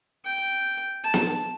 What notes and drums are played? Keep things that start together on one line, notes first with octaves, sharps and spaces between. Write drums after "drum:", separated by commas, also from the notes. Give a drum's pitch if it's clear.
G5
A5
drum: snare